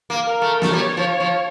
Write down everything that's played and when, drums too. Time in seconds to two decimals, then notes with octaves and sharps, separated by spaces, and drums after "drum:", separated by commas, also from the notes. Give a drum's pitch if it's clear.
0.10 A#3
0.27 A#4
0.42 A3
0.62 A3, drum: snare
0.72 G3 C#5
0.97 F3
1.20 F3